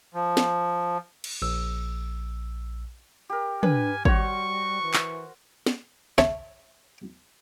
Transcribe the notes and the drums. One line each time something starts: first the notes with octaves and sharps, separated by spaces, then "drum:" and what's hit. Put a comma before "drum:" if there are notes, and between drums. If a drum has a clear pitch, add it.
F3
drum: snare
drum: cymbal
A#1 E6
G4 A#4
D4 B4 G#5, drum: tom
G3 F#4 C5 C#5 C#6, drum: kick G#1
E3
drum: clap
drum: snare
C#5 E5 A5, drum: snare